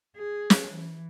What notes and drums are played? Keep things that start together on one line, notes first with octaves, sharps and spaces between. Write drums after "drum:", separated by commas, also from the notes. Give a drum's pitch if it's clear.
G#4
drum: snare
E3